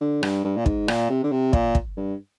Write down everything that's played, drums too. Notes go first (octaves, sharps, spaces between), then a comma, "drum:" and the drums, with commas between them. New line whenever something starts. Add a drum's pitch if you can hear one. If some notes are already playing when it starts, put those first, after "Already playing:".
D3
G2, drum: rim click
G2
A#2
G#2, drum: kick
A#2, drum: rim click
C3
D3
C3
A#2, drum: kick
drum: kick
G2